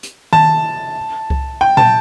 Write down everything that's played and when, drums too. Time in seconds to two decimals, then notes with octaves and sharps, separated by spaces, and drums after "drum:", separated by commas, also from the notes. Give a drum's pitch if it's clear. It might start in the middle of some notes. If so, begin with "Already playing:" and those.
0.03 drum: hi-hat
0.33 A5, drum: tom D#3
1.30 drum: kick C2
1.61 G5
1.77 A5, drum: tom A#2